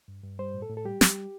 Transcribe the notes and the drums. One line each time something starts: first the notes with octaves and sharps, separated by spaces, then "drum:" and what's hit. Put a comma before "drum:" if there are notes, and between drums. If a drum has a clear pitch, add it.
G2
G2
G3 C5
A2
A4
A2
A4
G3 G4
G3, drum: snare